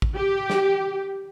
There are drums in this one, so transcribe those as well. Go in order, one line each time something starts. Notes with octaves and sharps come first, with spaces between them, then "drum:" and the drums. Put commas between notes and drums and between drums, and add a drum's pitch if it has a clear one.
drum: kick A1
G4
drum: snare